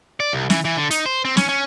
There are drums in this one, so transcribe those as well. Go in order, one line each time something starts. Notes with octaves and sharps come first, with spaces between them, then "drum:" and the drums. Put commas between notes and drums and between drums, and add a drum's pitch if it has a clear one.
D5
C2
E3, drum: snare
E3
D3
D#4, drum: hi-hat
C5
C4
C#4, drum: snare
C#4